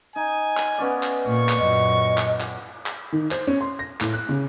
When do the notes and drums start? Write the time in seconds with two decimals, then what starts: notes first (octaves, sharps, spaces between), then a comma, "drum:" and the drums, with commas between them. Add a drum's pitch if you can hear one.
0.16 D#4 G#5
0.57 drum: clap
0.78 B3 C#4 D5
1.03 drum: clap
1.25 A#2 A#3 C#6
1.49 drum: clap
1.59 F#2 A#2 D#5
2.18 drum: clap
2.40 drum: clap
2.86 drum: clap
3.12 D#3
3.31 C5, drum: clap
3.47 C#4
3.61 C6
3.79 A#6
4.01 A2, drum: clap
4.14 F#6
4.29 C#3